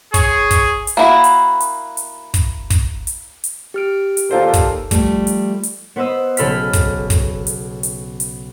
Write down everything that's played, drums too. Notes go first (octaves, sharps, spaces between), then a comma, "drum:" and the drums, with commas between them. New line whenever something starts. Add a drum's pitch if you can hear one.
G#4 C#5, drum: kick, hi-hat
drum: kick, hi-hat
drum: hi-hat
A#3 E4 F#4
drum: hi-hat
drum: hi-hat
drum: hi-hat
drum: kick, hi-hat
drum: kick, hi-hat
drum: hi-hat
drum: hi-hat
G4 F6 D7
drum: hi-hat
D#2 A#2 F4 A4 C5
drum: kick, hi-hat
F3 G3 A3, drum: kick, hi-hat
drum: hi-hat
drum: hi-hat
B3 B4 C5 D#5 E6
B1 C#3 A4 B5 F6 B6, drum: hi-hat
drum: kick, hi-hat
drum: kick, hi-hat
drum: hi-hat
drum: hi-hat
drum: hi-hat